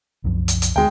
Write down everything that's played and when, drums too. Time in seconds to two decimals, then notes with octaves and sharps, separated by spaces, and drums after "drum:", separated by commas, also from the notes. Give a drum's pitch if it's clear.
0.24 C2 F#2 F3
0.48 drum: hi-hat
0.62 drum: hi-hat
0.76 D2 G#3 G5